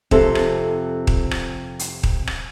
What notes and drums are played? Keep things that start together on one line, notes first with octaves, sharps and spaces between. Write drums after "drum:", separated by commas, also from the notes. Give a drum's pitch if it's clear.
F2 C3 A4, drum: kick D#1
drum: rim click
drum: kick D#1
drum: rim click
drum: hi-hat
drum: kick D#1
drum: rim click